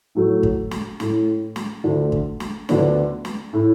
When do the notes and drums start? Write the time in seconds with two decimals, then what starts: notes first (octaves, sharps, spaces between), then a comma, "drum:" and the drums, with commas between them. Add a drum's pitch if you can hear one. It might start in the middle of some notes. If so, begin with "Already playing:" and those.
0.15 A2 F#3 A3
0.43 drum: kick
0.71 drum: snare
1.00 A2 A3 E4, drum: snare
1.56 drum: snare
1.84 D2 D3 A3
2.12 drum: kick
2.40 drum: snare
2.69 D2 D3 B3 D4, drum: snare
3.25 drum: snare
3.53 A2 A3 E4